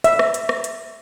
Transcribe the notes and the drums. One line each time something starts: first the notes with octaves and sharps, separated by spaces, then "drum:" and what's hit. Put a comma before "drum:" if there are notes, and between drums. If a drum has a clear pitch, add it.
E5, drum: hi-hat
drum: rim click
drum: hi-hat
drum: rim click
drum: hi-hat